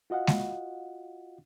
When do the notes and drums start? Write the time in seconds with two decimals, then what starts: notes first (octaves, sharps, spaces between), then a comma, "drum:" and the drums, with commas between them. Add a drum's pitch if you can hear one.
0.10 F4 F#4 D#5 F5 F#5
0.27 drum: snare G#3